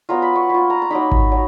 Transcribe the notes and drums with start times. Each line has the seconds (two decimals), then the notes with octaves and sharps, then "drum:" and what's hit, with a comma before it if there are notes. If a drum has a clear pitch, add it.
0.09 F#3 B3 F4 A#5
0.22 B5
0.36 C#6
0.49 A#3 F4 B5
0.70 A#5
0.82 A#5
0.91 F#3 A#3 D#4 B5
1.12 drum: kick G#1
1.32 F#3